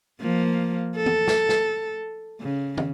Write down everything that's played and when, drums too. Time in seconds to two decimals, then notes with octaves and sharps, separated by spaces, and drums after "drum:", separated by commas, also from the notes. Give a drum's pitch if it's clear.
0.20 F3 A#3
0.96 A4
1.06 drum: tom E3
1.28 drum: snare
1.49 drum: snare
2.40 C#3
2.78 drum: tom